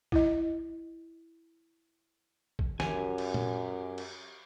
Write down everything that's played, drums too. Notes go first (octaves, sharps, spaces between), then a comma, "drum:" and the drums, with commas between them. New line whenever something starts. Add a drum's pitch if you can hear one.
E4 D#5, drum: kick
drum: kick
F#2 G4 G#5, drum: snare
drum: cymbal
drum: tom
drum: cymbal